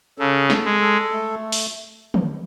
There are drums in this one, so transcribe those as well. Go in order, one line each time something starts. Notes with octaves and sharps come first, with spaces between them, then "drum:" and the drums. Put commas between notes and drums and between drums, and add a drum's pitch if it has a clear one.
C#3 A4
A4, drum: snare
G#3
A4
A3
drum: open hi-hat
drum: tom